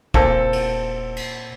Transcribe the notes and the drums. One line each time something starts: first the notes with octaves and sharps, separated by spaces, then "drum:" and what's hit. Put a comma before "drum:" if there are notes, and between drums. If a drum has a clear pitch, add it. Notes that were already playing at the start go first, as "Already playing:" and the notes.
D#1 A#2 C4 A4 E6, drum: kick
drum: cymbal
drum: cymbal